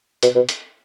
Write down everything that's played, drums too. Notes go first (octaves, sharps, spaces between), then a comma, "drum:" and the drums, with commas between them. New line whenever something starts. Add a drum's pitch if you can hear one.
B2, drum: hi-hat
B2
drum: hi-hat